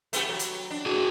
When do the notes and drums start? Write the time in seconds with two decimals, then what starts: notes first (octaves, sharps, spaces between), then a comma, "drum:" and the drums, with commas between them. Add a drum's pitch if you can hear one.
0.13 A3 B3 G4, drum: hi-hat
0.29 F#3
0.39 drum: hi-hat
0.71 D4
0.86 F#4 G#4